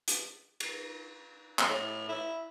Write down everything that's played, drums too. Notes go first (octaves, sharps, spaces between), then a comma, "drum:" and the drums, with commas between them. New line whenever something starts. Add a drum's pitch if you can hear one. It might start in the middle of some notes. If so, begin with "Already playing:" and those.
drum: hi-hat
drum: cymbal
drum: clap
A2
E4